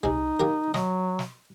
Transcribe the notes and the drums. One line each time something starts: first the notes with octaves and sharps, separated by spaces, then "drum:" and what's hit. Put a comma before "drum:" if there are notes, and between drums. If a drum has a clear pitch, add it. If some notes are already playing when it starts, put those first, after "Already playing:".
C3 G#3 D#4, drum: tom C2
A#3 G4 A#4
F#3 D#5, drum: snare
drum: snare